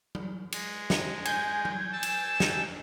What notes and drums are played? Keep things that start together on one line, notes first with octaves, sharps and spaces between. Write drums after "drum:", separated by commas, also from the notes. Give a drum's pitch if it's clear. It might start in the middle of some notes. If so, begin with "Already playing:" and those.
drum: tom F#3
G#3, drum: cymbal
drum: snare
G#5 G6 G#6, drum: cymbal
drum: tom F#3
A5 E6
drum: cymbal
drum: snare